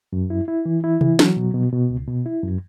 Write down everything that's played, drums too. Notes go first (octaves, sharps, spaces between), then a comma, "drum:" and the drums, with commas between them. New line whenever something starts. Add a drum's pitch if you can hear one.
F#2
E4
E4
E3
E4
E3, drum: tom C3
F#3, drum: snare
B2
B2
B2
C#2
B2
E4
F#2